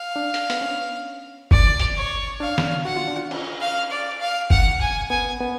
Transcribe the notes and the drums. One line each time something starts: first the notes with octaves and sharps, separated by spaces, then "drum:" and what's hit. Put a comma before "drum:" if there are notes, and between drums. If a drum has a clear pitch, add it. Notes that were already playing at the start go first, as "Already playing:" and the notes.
Already playing: F5
D4
drum: hi-hat
B3, drum: hi-hat
C#4
D5, drum: kick F#1
drum: hi-hat
C#5
D4 F5
drum: snare
F#4 F#5
F4
D4
F4
C#4, drum: cymbal
F5
D5
F5
F#5, drum: kick F#1
G#5
B3 G#5
B3